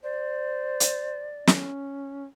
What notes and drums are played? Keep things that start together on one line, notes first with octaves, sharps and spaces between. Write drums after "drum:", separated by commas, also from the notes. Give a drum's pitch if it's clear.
C5 D5
drum: hi-hat
C#4, drum: snare